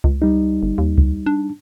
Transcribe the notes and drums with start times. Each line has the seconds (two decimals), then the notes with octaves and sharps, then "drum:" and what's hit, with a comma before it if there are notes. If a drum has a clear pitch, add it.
0.04 C#2, drum: kick C#2
0.22 G3 D#4
0.63 G1
0.78 D#2
0.98 drum: kick C#2
1.26 D4